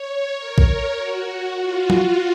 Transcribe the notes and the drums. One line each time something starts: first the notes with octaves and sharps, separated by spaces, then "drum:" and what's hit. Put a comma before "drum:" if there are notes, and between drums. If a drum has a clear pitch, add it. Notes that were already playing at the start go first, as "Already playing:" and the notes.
Already playing: C#5
A#4
drum: kick A#1
F#4
F4
drum: tom